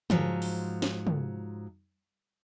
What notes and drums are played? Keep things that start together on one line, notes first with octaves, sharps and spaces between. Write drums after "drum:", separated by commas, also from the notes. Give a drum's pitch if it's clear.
G#2 F3 F#3, drum: tom
drum: open hi-hat
drum: snare
drum: tom